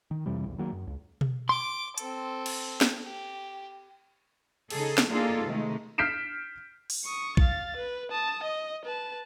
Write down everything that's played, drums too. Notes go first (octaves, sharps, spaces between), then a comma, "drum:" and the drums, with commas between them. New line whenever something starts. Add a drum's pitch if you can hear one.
D#3
F2 C3 E3 G3
B1 E2
D#3 F#3 A#3
F#2
C#2
drum: tom B2
C6 D6
C4 A4, drum: hi-hat
drum: cymbal
drum: snare
G4
C#3 D#4 G#4 A4, drum: cymbal
drum: snare
A#3 D4 D#4 F4 G#4 A4
C3 D#3 G#3 A3 D#4
F6 G6 B6 C7 D7 E7
drum: open hi-hat
C#6 D#6
F5 A6, drum: kick
B4
A5 D#6
D#5
B4 A5